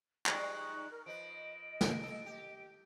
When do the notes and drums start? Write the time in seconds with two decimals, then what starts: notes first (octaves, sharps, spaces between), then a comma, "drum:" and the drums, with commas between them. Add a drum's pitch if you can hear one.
0.26 F3 G3 G#3 D#4 C#6 F#6, drum: clap
0.90 A#4 F6
1.06 F3 B4 D#5 D7
1.81 drum: snare
2.03 A4
2.26 G4